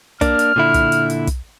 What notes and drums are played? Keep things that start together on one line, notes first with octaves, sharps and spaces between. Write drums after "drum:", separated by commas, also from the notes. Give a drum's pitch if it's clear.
A#3 D4 F6, drum: kick, hi-hat
drum: hi-hat
A#2 D3 E4
drum: kick, hi-hat
drum: hi-hat
drum: hi-hat
drum: kick, hi-hat